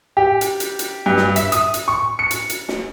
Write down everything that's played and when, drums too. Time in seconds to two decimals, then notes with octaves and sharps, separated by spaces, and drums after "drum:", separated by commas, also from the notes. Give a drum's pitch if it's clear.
0.17 G4
0.41 drum: hi-hat
0.60 drum: hi-hat
0.79 drum: hi-hat
1.06 G2
1.17 drum: snare
1.36 E5, drum: hi-hat
1.52 D#6, drum: hi-hat
1.74 drum: hi-hat
1.88 C#6
2.19 C#7
2.31 drum: hi-hat
2.50 drum: hi-hat
2.68 drum: snare